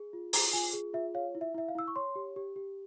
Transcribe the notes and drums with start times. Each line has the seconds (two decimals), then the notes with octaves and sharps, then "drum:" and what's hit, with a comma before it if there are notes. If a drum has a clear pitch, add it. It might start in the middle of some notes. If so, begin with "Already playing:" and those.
Already playing: G#4
0.13 F4
0.33 G#4 A#5, drum: open hi-hat
0.53 F4 G#5
0.73 G#4
0.93 F4 E5
1.14 C#5 F5
1.35 E4
1.41 E5
1.55 E4 E5
1.68 F5
1.75 E4 E6
1.87 C#6
1.96 C#5 C6
2.16 G4
2.36 G4
2.56 G4